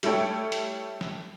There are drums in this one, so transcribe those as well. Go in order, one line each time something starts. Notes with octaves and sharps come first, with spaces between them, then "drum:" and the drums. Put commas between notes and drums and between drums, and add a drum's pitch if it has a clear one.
G3 A3 E4 A4 C#5 G5, drum: hi-hat
drum: hi-hat
drum: snare